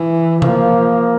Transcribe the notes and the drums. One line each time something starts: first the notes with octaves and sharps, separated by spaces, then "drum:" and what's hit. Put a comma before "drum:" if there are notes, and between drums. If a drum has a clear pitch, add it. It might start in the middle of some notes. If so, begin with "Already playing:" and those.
Already playing: E3
F3 A#3, drum: tom C3